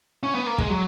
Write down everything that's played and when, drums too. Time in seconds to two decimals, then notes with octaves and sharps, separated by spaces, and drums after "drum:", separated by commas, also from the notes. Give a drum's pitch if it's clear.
0.23 C#4
0.35 B3
0.47 A#3
0.58 G#3, drum: kick
0.70 F#3